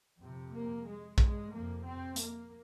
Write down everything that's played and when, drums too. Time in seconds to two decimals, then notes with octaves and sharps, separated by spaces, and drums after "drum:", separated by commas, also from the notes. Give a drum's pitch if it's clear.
0.19 F2 C3
0.51 A#3
0.84 G#3
1.18 G#3, drum: kick
1.49 F2 C3 A#3
1.83 C4
2.16 A#3, drum: hi-hat